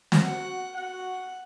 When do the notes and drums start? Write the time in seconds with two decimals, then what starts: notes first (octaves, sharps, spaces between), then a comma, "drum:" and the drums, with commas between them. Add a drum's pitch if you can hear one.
0.12 drum: snare
0.24 F#4 F#5
0.77 F#4 F#5